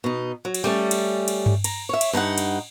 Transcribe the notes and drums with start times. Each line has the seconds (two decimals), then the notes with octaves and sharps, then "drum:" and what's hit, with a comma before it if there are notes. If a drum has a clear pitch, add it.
0.04 B2 D#4
0.45 F#3
0.54 drum: cymbal
0.64 G3 A3 C#4
0.91 drum: cymbal
1.28 drum: cymbal
1.46 drum: tom G2
1.64 A#5, drum: cymbal
1.89 C#5 E5
2.01 drum: cymbal
2.13 G2 D#4 E4 F#5
2.38 drum: cymbal